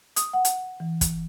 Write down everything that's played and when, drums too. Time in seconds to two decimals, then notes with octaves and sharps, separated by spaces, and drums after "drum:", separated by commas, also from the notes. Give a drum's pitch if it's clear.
0.16 D#6, drum: hi-hat
0.33 F#5
0.45 drum: hi-hat
0.80 E3
1.01 drum: kick, hi-hat